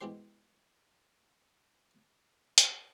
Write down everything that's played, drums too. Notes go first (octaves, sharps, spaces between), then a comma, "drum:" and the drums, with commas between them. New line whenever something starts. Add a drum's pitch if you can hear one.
B2 E3 G#3 G4 C5 C6
drum: hi-hat